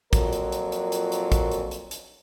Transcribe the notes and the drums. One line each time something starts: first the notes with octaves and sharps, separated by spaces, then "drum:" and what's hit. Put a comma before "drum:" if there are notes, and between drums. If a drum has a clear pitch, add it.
F2 A#2 F#3 A#4, drum: kick, hi-hat
drum: hi-hat
drum: hi-hat
drum: hi-hat
drum: hi-hat
drum: hi-hat
drum: kick, hi-hat
drum: hi-hat
drum: hi-hat
drum: hi-hat